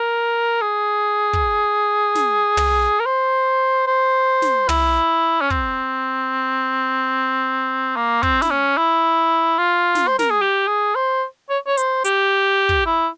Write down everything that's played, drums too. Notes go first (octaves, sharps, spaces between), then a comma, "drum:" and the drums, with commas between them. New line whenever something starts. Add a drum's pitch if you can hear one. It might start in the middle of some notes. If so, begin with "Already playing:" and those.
Already playing: A#4
G#4
drum: kick
drum: snare
drum: tom
A#4
C5
C5
drum: snare
E4, drum: tom
C#4
C4, drum: kick
A#3
C4, drum: kick
E4, drum: snare
C#4
E4
F4
drum: snare
C5
A#4, drum: snare
G#4
G4
G#4
C5
C#5
C#5
C5, drum: hi-hat
G4, drum: hi-hat
drum: kick
E4